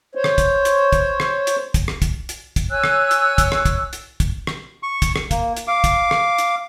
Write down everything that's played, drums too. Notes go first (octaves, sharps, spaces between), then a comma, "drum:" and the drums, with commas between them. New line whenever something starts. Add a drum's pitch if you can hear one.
C5 C#5
drum: rim click
drum: kick, hi-hat
drum: hi-hat
drum: kick, hi-hat
drum: rim click
drum: hi-hat
drum: kick, hi-hat
drum: rim click
drum: kick, hi-hat
drum: hi-hat
drum: kick, hi-hat
C#5 G#5 E6 F#6
drum: rim click
drum: hi-hat
drum: kick, hi-hat
drum: rim click
drum: kick, hi-hat
drum: hi-hat
drum: kick, hi-hat
drum: rim click
C#6
drum: kick, hi-hat
drum: rim click
A#3, drum: kick, hi-hat
drum: hi-hat
F5 D6
drum: kick, hi-hat
drum: rim click
drum: hi-hat